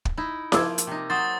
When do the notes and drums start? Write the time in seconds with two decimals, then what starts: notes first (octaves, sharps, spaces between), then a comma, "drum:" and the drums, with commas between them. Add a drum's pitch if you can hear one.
0.05 drum: kick
0.17 D#4 E4
0.52 F3 A#3 D6 E6 G#6, drum: snare E4
0.78 drum: hi-hat
0.87 C3 D#4
1.10 F#3 C5 D#6 A6